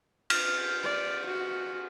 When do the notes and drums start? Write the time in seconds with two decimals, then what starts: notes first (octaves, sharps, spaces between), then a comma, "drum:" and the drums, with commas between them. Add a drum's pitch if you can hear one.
0.30 F6, drum: cymbal
0.83 D5
1.26 F#4